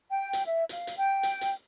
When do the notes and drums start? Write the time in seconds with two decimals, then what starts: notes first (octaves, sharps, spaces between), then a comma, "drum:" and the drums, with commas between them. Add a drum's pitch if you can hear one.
0.11 G5
0.33 drum: hi-hat
0.45 E5
0.69 F5, drum: hi-hat
0.87 drum: hi-hat
0.97 G5
1.23 drum: hi-hat
1.41 drum: hi-hat